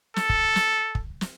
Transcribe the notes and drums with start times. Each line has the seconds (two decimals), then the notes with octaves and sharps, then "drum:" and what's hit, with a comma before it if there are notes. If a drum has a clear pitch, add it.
0.16 A4, drum: snare
0.29 drum: kick
0.56 drum: snare
0.95 drum: kick
1.21 drum: snare